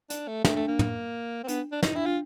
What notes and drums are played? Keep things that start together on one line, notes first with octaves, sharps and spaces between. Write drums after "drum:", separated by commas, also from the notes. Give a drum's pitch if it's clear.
D4, drum: hi-hat
A3
A3 D4, drum: snare
A3 D4
A#3 D4
drum: tom
C4
B3 D4, drum: hi-hat
D4
D#4 E4, drum: snare
D4 E4
D4 F4